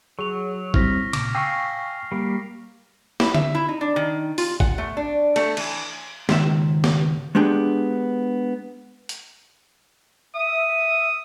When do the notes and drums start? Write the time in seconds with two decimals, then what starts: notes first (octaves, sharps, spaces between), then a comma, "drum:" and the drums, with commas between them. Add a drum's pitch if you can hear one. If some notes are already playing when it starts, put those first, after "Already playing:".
0.19 F#3 G#4 C#6 F7
0.74 G3 C4 E4 F6 A#6 B6, drum: kick
1.13 A#2 C#3 D6, drum: cymbal
1.35 F5 G5 G#5 C#6 E6 A#6 C7
2.12 G3 A#3
3.20 E4, drum: snare
3.34 E5, drum: tom D3
3.55 E4
3.68 D#4
3.81 D4
3.96 D#3
4.38 F4, drum: open hi-hat
4.60 F#5, drum: kick
4.78 A3
4.97 D4
5.36 A3, drum: cymbal
5.57 E3, drum: cymbal
6.29 C#2 G#2 D#3 E5, drum: snare
6.84 drum: snare
7.35 G#3 B3 D4 G4 G#4
9.09 drum: hi-hat
10.35 E5 D#6